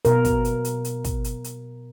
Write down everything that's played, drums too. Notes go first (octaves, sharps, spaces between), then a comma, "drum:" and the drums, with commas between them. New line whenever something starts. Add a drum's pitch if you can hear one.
B2 A#4, drum: hi-hat
drum: kick, hi-hat
drum: hi-hat
drum: hi-hat
drum: hi-hat
drum: kick, hi-hat
drum: hi-hat
drum: hi-hat